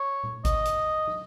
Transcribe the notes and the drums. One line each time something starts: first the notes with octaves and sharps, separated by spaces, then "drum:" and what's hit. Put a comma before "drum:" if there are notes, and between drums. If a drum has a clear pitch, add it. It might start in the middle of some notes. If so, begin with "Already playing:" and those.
Already playing: C#5
drum: tom A#2
D#5, drum: kick G#1, hi-hat
drum: hi-hat
drum: tom